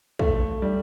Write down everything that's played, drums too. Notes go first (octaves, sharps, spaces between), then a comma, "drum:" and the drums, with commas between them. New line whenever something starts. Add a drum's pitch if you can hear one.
A3, drum: kick
G3